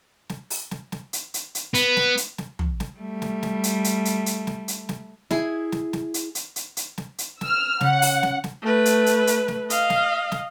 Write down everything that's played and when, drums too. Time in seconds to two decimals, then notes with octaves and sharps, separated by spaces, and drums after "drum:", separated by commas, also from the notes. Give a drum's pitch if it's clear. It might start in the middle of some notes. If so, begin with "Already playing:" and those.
0.29 drum: snare
0.50 drum: open hi-hat
0.71 drum: snare
0.92 drum: snare
1.13 drum: hi-hat
1.34 drum: hi-hat
1.55 drum: hi-hat
1.74 B3, drum: hi-hat
1.97 drum: snare
2.17 drum: hi-hat
2.38 drum: snare
2.59 drum: tom
2.80 drum: snare
2.98 G3 A3
3.22 drum: snare
3.43 drum: snare
3.64 drum: hi-hat
3.84 drum: hi-hat
4.05 drum: hi-hat
4.26 drum: hi-hat
4.47 drum: snare
4.68 drum: hi-hat
4.89 drum: snare
5.31 E4 G#4, drum: snare
5.72 drum: snare
5.93 drum: snare
6.14 drum: hi-hat
6.35 drum: hi-hat
6.56 drum: hi-hat
6.77 drum: hi-hat
6.98 drum: snare
7.18 drum: hi-hat
7.41 E6 F6, drum: snare
7.81 C#3 G4 F#5, drum: snare
8.02 drum: open hi-hat
8.23 drum: snare
8.44 drum: snare
8.62 A3 B4
8.85 drum: hi-hat
9.06 drum: hi-hat
9.27 drum: hi-hat
9.48 drum: snare
9.70 D#5 F5, drum: hi-hat
9.90 drum: snare
10.32 drum: snare